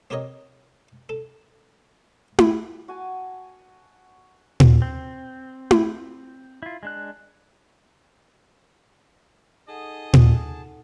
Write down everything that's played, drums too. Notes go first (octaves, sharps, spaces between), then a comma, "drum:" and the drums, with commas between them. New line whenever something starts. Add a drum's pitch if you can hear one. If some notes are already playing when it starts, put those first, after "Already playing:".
C4 G4 A#4 C#5 D#5
A4
drum: tom E4
F#4 G#5 A5
drum: tom A#2
C4
drum: tom E4
E4 F4
G#3 D4 F#6
D#4 G#4 A4 D#5 F#5 A5
drum: tom A#2